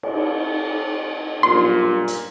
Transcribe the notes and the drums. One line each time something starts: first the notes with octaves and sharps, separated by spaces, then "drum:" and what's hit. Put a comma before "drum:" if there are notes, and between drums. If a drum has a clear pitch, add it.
drum: cymbal
B1 G2 A#2 C6
drum: hi-hat